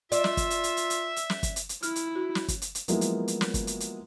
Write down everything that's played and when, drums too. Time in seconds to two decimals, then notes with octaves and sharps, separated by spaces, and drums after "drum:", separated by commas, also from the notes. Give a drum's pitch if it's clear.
0.12 F4 D5 E5 E6, drum: hi-hat
0.24 drum: snare
0.37 drum: kick, hi-hat
0.50 drum: hi-hat
0.64 drum: hi-hat
0.77 drum: hi-hat
0.90 drum: hi-hat
1.16 drum: hi-hat
1.30 drum: snare
1.43 drum: kick, hi-hat
1.56 drum: hi-hat
1.69 drum: hi-hat
1.83 E4 F6, drum: hi-hat
1.96 drum: hi-hat
2.15 F#4
2.35 drum: snare
2.48 drum: kick, hi-hat
2.62 drum: hi-hat
2.75 drum: hi-hat
2.88 F3 F#3 G#3 A#3 B3 E4, drum: hi-hat
3.01 drum: hi-hat
3.28 drum: hi-hat
3.41 drum: snare
3.54 drum: kick, hi-hat
3.67 drum: hi-hat
3.80 drum: hi-hat